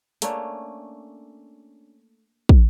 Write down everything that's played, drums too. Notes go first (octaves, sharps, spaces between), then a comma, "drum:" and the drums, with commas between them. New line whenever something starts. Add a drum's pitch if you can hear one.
A3 A#3 C#4 D4, drum: hi-hat
drum: kick